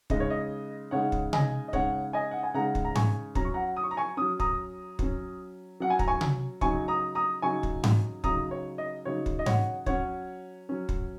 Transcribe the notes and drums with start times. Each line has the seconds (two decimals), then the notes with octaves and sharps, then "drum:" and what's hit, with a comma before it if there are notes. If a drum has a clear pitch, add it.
0.10 C#3 G#3 D#4 D#5, drum: kick
0.20 C#5
0.30 D#5
0.91 C#3 G#3 D#4 C#5 F#5
1.12 drum: kick
1.33 D#5 G#5, drum: tom C3
1.68 D#5
1.73 C#3 G#3 D#4 C#5 F#5, drum: kick
2.13 D#5 G#5
2.31 F#5
2.43 G#5
2.54 C#3 G#3 D#4 F#5 A#5
2.75 drum: kick
2.85 A#5
2.95 G#5 C#6, drum: tom G#2
3.35 F#3 C#4 A#5, drum: kick
3.45 C#6
3.54 F#5 A#5
3.77 D#6
3.84 C#6
3.91 A#5
3.97 G#5 C#6
4.17 F#3 C#4 D#6
4.40 A#5 D#6, drum: kick
4.99 F#3 C#4, drum: kick
5.80 F#3 C#4 F#5
5.90 G#5
5.99 A#5, drum: kick
6.08 G#5 C#6
6.21 drum: tom C3
6.61 C#3 F#3 D#4 G#5 C#6, drum: kick
6.88 A#5 D#6
7.15 A#5 D#6
7.42 C#3 F#3 D#4 G#5 C#6
7.63 drum: kick
7.84 drum: tom G#2
8.24 C#3 F#3 D#4 A#5 D#6, drum: kick
8.51 C#5
8.78 D#5
9.05 C#3 F#3 D#4 C#5
9.26 drum: kick
9.39 D#5
9.46 C#5 F#5, drum: tom G#2
9.86 F#3 C#4 C#5 F#5, drum: kick
10.69 F#3 C#4
10.89 drum: kick